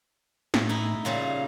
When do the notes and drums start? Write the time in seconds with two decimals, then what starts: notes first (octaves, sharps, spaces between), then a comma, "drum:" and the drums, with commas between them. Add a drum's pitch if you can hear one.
0.54 A2, drum: snare
0.69 D#4 E4
1.05 A#2 C#3 G3 F5